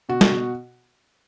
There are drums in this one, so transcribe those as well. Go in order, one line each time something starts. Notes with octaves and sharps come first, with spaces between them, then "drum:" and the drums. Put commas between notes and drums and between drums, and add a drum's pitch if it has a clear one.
B2 F#4
drum: snare
B2